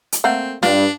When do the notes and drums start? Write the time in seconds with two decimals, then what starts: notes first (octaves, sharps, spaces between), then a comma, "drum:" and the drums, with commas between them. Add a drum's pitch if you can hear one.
0.12 drum: hi-hat
0.24 A3 A#3 C4 F#5
0.63 G2 D4 F4, drum: snare